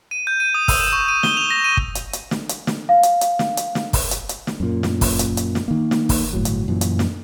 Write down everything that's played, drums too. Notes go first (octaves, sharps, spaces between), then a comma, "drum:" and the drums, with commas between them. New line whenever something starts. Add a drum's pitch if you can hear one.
D#7
G6
D#7
D#6
E6, drum: kick, open hi-hat
E7
C#6
D#7
G7, drum: snare
F7
A#6
D#7
drum: kick
drum: hi-hat
drum: hi-hat
drum: snare
drum: hi-hat
drum: snare
F5
drum: hi-hat
drum: hi-hat
drum: snare
drum: hi-hat
drum: snare
drum: kick, open hi-hat
drum: hi-hat
drum: hi-hat
drum: snare
F#2 A#2
drum: snare
drum: kick, open hi-hat
drum: hi-hat
drum: hi-hat
drum: snare
D#3 A#3
drum: snare
drum: kick, open hi-hat
G1 D#2 A2 F#3
drum: hi-hat
F#2 A#2 E3
drum: hi-hat
drum: snare